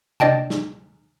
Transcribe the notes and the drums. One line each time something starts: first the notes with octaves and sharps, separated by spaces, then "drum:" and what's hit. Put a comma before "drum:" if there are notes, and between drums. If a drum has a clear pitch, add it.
D4 D5 D#5 G5 A5, drum: tom C3
drum: snare